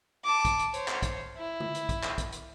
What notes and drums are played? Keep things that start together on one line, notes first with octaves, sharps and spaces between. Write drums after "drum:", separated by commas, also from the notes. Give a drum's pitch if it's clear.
A5 D6
drum: kick, hi-hat
drum: hi-hat
C5 C#5, drum: hi-hat
drum: clap
drum: kick, hi-hat
E4
drum: tom D3
drum: hi-hat
drum: kick, hi-hat
drum: clap
drum: kick, hi-hat
drum: hi-hat